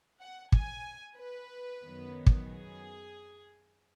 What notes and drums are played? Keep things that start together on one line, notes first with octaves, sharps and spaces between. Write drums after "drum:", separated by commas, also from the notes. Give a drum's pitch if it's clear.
F#5
G#5, drum: kick
B4
F#2 D#3 F#3 B3
drum: kick
G#4